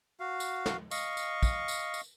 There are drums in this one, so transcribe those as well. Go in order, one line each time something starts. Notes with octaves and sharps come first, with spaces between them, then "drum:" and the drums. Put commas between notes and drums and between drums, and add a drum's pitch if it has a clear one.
F#4 F5
drum: tambourine
drum: snare
D#5 F5 C#6, drum: tambourine
drum: tambourine
drum: kick, tambourine
drum: tambourine
drum: tambourine